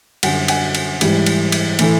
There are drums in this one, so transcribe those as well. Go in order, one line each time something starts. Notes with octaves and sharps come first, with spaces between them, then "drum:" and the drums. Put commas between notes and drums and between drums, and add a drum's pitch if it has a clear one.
F#2 D3 G3 F#5 G#5, drum: cymbal
F#5 G#5, drum: cymbal
drum: cymbal
G#2 E3 G3, drum: cymbal
drum: cymbal
drum: cymbal
A2 E3 A3, drum: cymbal